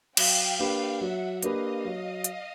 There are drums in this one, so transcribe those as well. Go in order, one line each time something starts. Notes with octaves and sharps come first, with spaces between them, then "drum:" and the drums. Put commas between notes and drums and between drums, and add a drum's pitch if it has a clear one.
F#3 F5 G5, drum: cymbal
A#3 D4 G4 B4
F#3 E5 F#5
A#3 D4 G4 B4 D#5 F5, drum: hi-hat
F#3
drum: hi-hat